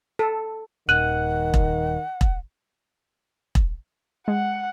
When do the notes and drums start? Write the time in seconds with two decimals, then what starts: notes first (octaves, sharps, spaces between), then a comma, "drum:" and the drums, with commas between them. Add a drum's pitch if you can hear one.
0.19 A4
0.89 D#1 D#3 F#5 F#6 D#7 F#7
1.54 drum: kick E1
2.21 drum: kick E1
3.55 drum: kick E1
4.28 G#3 F#5